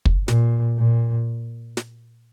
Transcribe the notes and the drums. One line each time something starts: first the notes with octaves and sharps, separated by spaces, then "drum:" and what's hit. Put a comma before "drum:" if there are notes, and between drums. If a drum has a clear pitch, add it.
drum: kick
A#2, drum: snare
A#2
drum: snare